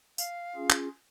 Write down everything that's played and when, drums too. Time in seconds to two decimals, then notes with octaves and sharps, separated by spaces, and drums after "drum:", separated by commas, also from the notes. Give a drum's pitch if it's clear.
0.18 F5, drum: tambourine
0.56 C#4 F4 G#4
0.70 drum: clap